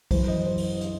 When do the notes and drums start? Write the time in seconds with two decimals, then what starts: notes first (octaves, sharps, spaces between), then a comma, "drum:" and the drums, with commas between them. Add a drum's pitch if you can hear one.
0.11 F#2 E3 C5, drum: kick, open hi-hat
0.28 D#5
0.46 C5
0.58 drum: open hi-hat
0.81 drum: hi-hat